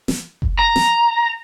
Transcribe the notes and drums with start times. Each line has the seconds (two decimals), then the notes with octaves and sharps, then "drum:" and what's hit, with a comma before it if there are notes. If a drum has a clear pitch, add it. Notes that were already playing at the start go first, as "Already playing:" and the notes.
0.08 drum: snare
0.42 drum: kick F#1
0.59 A#5
0.76 drum: snare